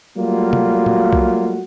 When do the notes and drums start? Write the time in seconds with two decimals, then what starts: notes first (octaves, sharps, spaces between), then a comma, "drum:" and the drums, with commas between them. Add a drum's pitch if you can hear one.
0.18 F#3 G3 A3 A#3 F4 F#4
0.53 drum: tom
0.86 drum: tom
1.13 drum: kick B1